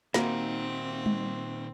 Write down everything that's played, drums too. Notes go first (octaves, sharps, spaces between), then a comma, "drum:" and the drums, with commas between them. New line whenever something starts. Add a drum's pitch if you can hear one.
A#2 D#3 A#3 C4 D#4 F#4 E5, drum: snare
drum: tom G3